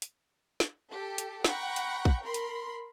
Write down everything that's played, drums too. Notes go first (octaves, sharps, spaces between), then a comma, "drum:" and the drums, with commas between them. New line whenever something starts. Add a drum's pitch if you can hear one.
drum: hi-hat
drum: snare
G4 A4
drum: hi-hat
F#5 G5 A#5 B5 C#6, drum: snare
drum: hi-hat
drum: kick
A#4 B5 C6
drum: hi-hat